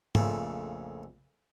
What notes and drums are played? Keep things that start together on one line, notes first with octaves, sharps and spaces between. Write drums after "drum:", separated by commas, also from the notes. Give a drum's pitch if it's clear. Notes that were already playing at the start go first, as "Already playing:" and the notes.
A#1 F2 C#3 A3, drum: tom G#2